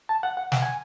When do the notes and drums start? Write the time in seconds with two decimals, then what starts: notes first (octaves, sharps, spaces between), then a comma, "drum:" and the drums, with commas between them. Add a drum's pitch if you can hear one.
0.09 A5
0.23 F#5
0.37 F#5
0.52 F#5, drum: snare
0.62 G#5